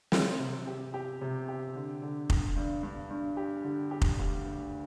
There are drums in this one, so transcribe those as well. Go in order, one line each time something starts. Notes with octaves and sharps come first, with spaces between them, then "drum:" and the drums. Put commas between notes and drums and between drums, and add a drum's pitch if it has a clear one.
C4, drum: snare
C3
G4
G4
C3
G4
D3
D3
D3, drum: kick F1
G2
G2
G2
G4
D3
G4
drum: kick F1
D2
D2